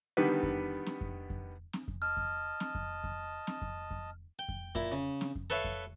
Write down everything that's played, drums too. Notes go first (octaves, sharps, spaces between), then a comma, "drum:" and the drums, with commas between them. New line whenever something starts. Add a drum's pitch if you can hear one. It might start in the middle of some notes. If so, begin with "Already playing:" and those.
D3 D#3 G3 B3 B4
drum: kick F2
drum: snare C4
drum: kick F2
drum: kick F2
drum: snare C4
drum: kick F2
D#5 A5 F6
drum: kick F2
drum: snare C4
drum: kick F2
drum: kick F2
drum: snare C4
drum: kick F2
drum: kick F2
G5
drum: kick F2
A#2 E4, drum: kick F2
C#3
drum: snare C4
drum: kick F2
A4 B4 C#5 E5 F5
drum: kick F2